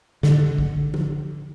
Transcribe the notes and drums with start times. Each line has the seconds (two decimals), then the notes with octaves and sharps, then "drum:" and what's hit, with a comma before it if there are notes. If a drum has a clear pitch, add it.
0.23 D3, drum: snare
0.58 drum: kick
0.94 drum: tom